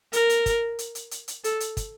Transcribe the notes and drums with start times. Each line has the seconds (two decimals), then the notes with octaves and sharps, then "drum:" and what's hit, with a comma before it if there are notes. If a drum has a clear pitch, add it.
0.13 A#4, drum: hi-hat
0.29 drum: hi-hat
0.46 drum: kick, hi-hat
0.79 drum: hi-hat
0.95 drum: hi-hat
1.11 drum: hi-hat
1.28 drum: hi-hat
1.44 A4, drum: hi-hat
1.60 drum: hi-hat
1.77 drum: kick, hi-hat